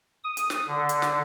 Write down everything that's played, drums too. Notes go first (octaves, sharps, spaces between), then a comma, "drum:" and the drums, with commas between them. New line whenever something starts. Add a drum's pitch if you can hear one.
D#6
drum: hi-hat
drum: snare
D3
drum: hi-hat
drum: snare